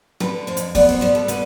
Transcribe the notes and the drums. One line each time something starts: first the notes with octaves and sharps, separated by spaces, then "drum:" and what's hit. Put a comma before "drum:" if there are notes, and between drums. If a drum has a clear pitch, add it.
D3 B4, drum: snare
F2 C5
drum: hi-hat
B3 D5, drum: kick, open hi-hat
C5
G3 C5
A4
D3 B4, drum: hi-hat